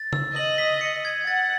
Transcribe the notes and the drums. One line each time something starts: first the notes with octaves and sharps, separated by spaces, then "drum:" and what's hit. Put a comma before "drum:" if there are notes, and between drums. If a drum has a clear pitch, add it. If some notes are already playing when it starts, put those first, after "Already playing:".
Already playing: A6
E6, drum: tom C#3
D#5 F#7
B6
C#7
G#6
F#5 A6